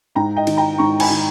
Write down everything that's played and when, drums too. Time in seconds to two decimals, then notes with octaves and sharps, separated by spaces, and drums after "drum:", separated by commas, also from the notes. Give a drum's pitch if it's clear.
0.15 G#2 G5 A#5
0.36 D#5 G5
0.47 D#3, drum: cymbal
0.57 G5 A#5
0.78 G#2 A#5 C#6
1.00 G#5 B5, drum: cymbal
1.10 D#3